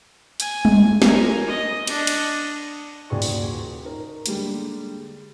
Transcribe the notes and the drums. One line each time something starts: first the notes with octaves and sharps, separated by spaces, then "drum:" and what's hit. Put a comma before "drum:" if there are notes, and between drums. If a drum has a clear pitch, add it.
G#5, drum: hi-hat
drum: tom G3
A#4 G#5, drum: snare
D#5
D4 D#5, drum: cymbal
drum: cymbal
D#1 A#2 F#4 G#4 D5 C#6
drum: open hi-hat
D#4 A#4
D3 G3 G#3 A#3, drum: hi-hat